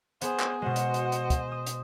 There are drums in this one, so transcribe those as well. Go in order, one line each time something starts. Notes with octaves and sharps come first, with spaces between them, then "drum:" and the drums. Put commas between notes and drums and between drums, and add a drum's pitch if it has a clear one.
B3 G#4 C5, drum: hi-hat
drum: clap
B2 G#3 F#4 C5 D#5 F#5
drum: hi-hat
drum: hi-hat
drum: hi-hat
drum: kick, hi-hat
D#6
drum: hi-hat